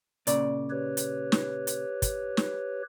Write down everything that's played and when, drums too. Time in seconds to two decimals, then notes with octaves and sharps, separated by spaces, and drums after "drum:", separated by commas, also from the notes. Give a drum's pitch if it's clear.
0.27 A#2 C#3 D5, drum: hi-hat
0.70 G4 B4 C#5
0.97 drum: hi-hat
1.32 drum: snare
1.67 drum: hi-hat
2.02 drum: kick, hi-hat
2.37 drum: snare